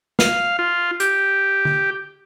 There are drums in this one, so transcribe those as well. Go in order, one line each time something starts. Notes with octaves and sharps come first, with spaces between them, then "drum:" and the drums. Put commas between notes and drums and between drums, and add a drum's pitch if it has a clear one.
F5, drum: snare
F4
G4, drum: hi-hat
drum: tom D3